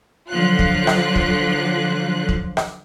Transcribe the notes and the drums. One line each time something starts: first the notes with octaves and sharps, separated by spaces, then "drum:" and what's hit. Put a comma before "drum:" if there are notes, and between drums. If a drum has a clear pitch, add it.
D3 F3 F#3 F4 F#6
drum: kick
drum: rim click
drum: kick
drum: kick
drum: rim click